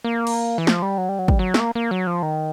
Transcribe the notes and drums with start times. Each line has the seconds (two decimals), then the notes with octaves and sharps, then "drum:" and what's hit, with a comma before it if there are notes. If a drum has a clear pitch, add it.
0.05 A#3
0.27 drum: cymbal
0.58 E3
0.67 F3, drum: snare
0.82 G3
0.98 F#3
1.09 G3
1.19 F#3
1.28 G3, drum: kick
1.39 F#3
1.54 A3, drum: snare
1.60 A#3
1.75 A#3
1.91 F#3
2.07 F3
2.22 D#3